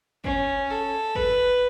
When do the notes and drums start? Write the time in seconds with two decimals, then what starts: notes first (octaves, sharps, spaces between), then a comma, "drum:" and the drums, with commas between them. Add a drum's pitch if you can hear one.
0.24 C#4, drum: kick
0.71 A4
1.15 B4, drum: kick